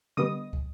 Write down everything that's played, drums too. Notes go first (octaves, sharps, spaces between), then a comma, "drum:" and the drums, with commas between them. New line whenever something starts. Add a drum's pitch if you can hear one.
D3 G3 B3 D#5 D#6
drum: kick